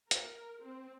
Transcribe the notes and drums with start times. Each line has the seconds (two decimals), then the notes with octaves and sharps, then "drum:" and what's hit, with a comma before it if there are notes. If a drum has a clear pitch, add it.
0.11 A#4, drum: hi-hat
0.64 C4